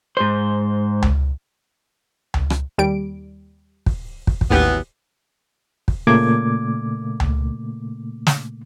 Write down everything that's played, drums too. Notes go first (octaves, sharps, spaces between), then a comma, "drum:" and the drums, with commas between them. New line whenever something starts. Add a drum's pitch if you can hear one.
G#2 C5
drum: tom C#2
drum: tom C#2
drum: rim click
D#2 G3 D7
drum: kick
drum: kick
drum: kick
A1 D#2 E3 F#3 B3 G4
drum: kick
A#2 C#3 A3 A#3 D6 G#6
drum: tom C#2
drum: snare